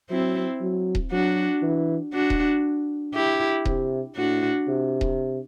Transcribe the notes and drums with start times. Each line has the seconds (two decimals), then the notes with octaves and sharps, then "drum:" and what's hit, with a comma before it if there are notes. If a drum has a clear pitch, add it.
0.10 F#3 C4 E4
0.61 F#3
0.95 drum: kick D#1
1.12 F#3 D4 F#4
1.62 E3
2.13 D4 F#4
2.30 drum: kick D#1
3.14 E4 G4
3.65 C3, drum: kick D#1
4.16 A2 D4 F#4
4.68 C3
5.01 drum: kick D#1